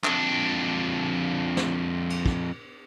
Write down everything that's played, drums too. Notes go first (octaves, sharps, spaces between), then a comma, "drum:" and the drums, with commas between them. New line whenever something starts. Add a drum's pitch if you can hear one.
F2 D4, drum: clap
drum: snare
drum: cymbal
drum: kick